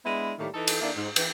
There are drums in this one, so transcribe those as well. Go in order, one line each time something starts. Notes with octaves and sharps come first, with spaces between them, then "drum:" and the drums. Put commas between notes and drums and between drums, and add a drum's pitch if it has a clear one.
G#3 B3 D4 E4
A2 D#3 G3 A3 A#3
E3 D#4 A4
drum: cymbal
D#3 A#3 D4 E4 A4
G#2
E3, drum: cymbal